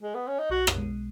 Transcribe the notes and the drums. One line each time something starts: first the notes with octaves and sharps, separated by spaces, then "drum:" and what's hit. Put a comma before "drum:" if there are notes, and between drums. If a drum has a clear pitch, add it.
G#3
B3
C#4
D#4
B1 F#4
drum: rim click
B2 G#3